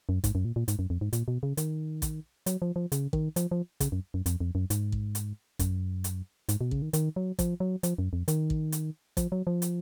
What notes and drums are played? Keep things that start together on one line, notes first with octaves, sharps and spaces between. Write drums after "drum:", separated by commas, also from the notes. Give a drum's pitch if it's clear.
F#2
G#2, drum: kick, hi-hat
F#2
A#2
A#2
G#2, drum: hi-hat
F#2
F2
G#2
A#2, drum: hi-hat
B2
C#3
D#3, drum: hi-hat
drum: kick, hi-hat
F#3, drum: hi-hat
F3
F3
C#3, drum: hi-hat
D#3, drum: kick
F3, drum: hi-hat
F3
C#3, drum: kick, hi-hat
F#2
F#2
F2, drum: hi-hat
F2
F#2
G#2, drum: hi-hat
drum: kick
drum: hi-hat
F#2, drum: kick, hi-hat
drum: hi-hat
G#2, drum: hi-hat
B2
C#3, drum: kick
D#3
D#3, drum: hi-hat
F#3
F3, drum: kick, hi-hat
F#3
F3, drum: hi-hat
F#2
F2
D#3, drum: hi-hat
drum: kick
drum: hi-hat
F3, drum: kick, hi-hat
F#3
F3
drum: hi-hat